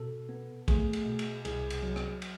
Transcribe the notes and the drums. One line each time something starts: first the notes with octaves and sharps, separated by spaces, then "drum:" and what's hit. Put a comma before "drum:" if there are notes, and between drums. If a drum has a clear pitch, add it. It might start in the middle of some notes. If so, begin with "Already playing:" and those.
Already playing: B2 A4
B3
A3 G#4, drum: kick A#1, cymbal
drum: cymbal
B2
drum: cymbal
C2 G#4, drum: cymbal
drum: cymbal
F#3
drum: rim click
drum: cymbal